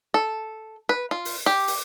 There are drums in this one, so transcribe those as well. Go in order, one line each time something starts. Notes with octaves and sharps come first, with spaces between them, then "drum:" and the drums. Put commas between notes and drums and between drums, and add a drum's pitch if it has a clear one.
A4
B4
F4
drum: open hi-hat
G4
drum: open hi-hat